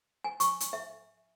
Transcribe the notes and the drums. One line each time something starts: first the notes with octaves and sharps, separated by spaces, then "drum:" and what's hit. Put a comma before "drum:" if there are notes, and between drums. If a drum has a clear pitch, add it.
G#5
C#6, drum: hi-hat
drum: hi-hat
E5